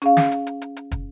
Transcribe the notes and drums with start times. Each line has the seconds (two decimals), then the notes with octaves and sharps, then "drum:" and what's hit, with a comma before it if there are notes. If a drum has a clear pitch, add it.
0.02 C#4 G#4 F5, drum: hi-hat
0.17 drum: snare
0.32 drum: hi-hat
0.47 drum: hi-hat
0.62 drum: hi-hat
0.77 drum: hi-hat
0.91 drum: kick, hi-hat